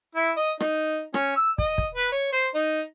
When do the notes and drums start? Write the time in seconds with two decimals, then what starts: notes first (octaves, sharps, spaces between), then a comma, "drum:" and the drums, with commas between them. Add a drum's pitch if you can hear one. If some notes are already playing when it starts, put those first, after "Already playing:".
0.15 E4
0.37 D#5
0.60 D#4, drum: rim click
1.14 C#4, drum: rim click
1.36 E6
1.58 D#5, drum: kick
1.78 drum: kick
1.95 B4
2.12 C#5
2.32 C5
2.54 D#4